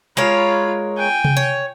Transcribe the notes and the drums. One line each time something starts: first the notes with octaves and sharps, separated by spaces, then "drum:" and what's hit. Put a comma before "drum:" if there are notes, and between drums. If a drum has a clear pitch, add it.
G#3 F4 A#4 C#5 B5
G5 G#5
drum: tom C3
C#5